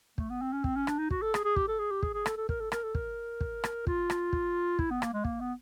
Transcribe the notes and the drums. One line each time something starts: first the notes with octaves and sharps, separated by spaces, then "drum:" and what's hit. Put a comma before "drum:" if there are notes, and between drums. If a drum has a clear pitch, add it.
A3, drum: kick
B3
C4
C#4
C4, drum: kick
C#4
D4, drum: rim click
D#4
F#4, drum: kick
A4
G#4, drum: rim click
G#4
G4, drum: kick
A4
G#4
G4
G#4, drum: kick
G#4
A4, drum: rim click
A4
A#4, drum: kick
A4
A#4, drum: rim click
A4
A#4, drum: kick
drum: kick
drum: rim click
F4, drum: kick
drum: rim click
drum: kick
E4, drum: kick
B3
A#3, drum: rim click
G#3
A#3, drum: kick
B3